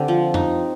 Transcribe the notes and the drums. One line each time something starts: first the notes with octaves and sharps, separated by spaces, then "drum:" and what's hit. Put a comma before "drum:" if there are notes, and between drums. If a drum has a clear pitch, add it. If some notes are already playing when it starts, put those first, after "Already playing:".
Already playing: D3 C4 G4
F3
D#4, drum: tom F2